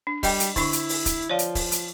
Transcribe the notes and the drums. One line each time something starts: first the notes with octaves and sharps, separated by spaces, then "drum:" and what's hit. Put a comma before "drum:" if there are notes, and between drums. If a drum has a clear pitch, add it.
D4
G3 D#5 G5, drum: kick, open hi-hat
drum: hi-hat
D3 D4 E4 C#6, drum: kick, open hi-hat
drum: hi-hat
drum: open hi-hat
drum: kick, hi-hat
F3 C#5 D5 F5
drum: hi-hat
drum: kick, open hi-hat
drum: hi-hat